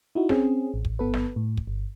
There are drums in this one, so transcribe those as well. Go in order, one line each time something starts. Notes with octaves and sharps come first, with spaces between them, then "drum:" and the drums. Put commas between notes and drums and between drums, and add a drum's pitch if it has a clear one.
D#4 E4 F#4
C4 C#4 G#4, drum: snare
A1
drum: kick
G1 B3 A4 B4
drum: snare
A2
drum: kick
G1